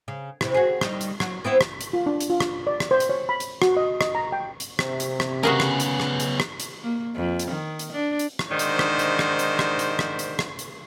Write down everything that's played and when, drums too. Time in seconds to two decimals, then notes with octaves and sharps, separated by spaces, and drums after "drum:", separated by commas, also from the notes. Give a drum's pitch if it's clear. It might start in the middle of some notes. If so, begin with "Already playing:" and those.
0.08 C#3
0.41 C3 E3, drum: rim click
0.54 F#4 G#4
0.81 G3 D#4, drum: rim click
1.01 drum: hi-hat
1.20 F#3, drum: rim click
1.44 B3 C4 E4
1.61 drum: rim click
1.81 drum: hi-hat
1.93 F4
2.06 D4
2.21 drum: hi-hat
2.30 F4
2.40 drum: rim click
2.67 D5
2.80 drum: rim click
2.91 C5
3.00 drum: hi-hat
3.09 C#5
3.29 B5
3.40 drum: hi-hat
3.62 F#4, drum: rim click
3.77 D#5
4.01 D#5, drum: rim click
4.15 A#5
4.32 G5
4.60 drum: hi-hat
4.79 C3, drum: rim click
5.00 drum: hi-hat
5.20 drum: rim click
5.43 C#3 B3 C#4 F#4 G#4 A#4
5.60 drum: rim click
5.80 drum: hi-hat
6.00 drum: rim click
6.20 drum: hi-hat
6.40 drum: rim click
6.60 drum: hi-hat
6.83 A#3
7.16 F2
7.39 drum: hi-hat
7.51 D#3
7.79 drum: hi-hat
7.92 D4
8.19 drum: hi-hat
8.39 drum: rim click
8.49 G#2 D#3 D4 C5
8.59 drum: hi-hat
8.79 drum: rim click
8.99 drum: hi-hat
9.19 drum: rim click
9.39 drum: hi-hat
9.59 drum: rim click
9.79 drum: hi-hat
9.99 drum: rim click
10.19 drum: hi-hat
10.39 drum: rim click
10.59 drum: hi-hat